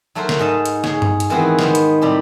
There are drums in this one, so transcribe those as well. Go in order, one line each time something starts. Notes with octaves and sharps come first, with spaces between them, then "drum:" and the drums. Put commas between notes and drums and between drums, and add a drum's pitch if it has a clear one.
F#3 A3 F#4 A#4 C5
drum: snare
G#2 D#5 A5
drum: hi-hat
G#4 C#5, drum: snare
drum: tom G2
drum: hi-hat
D#3 E3 G#3 B3 C4 F#4
D#3 B3 C5, drum: snare
drum: hi-hat
A2 C3 G3